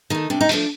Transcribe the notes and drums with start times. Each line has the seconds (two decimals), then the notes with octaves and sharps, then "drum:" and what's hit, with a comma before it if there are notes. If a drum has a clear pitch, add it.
0.10 D#3 A3 D#4
0.30 C3 D4
0.41 D#4
0.49 F3 A3 D4, drum: open hi-hat